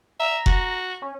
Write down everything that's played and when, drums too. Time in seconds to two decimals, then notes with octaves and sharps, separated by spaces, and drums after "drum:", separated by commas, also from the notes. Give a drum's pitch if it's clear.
0.20 E5 A#5
0.46 F#4, drum: kick F1
1.02 C#4